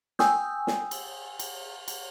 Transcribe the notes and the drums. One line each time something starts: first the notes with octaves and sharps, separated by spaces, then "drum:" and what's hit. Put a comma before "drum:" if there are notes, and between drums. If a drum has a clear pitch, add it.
G5 G#5 C#6 D#6 E6 G6, drum: snare
drum: snare
drum: cymbal
drum: cymbal
drum: cymbal